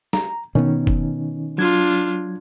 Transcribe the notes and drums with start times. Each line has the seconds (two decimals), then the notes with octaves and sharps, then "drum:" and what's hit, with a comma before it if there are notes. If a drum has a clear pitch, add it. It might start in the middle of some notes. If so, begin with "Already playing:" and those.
0.13 A#5, drum: snare
0.55 B2 D#3 B3 C#4 D#4
0.87 drum: kick F#1
1.58 F#3 D4 F4 G#6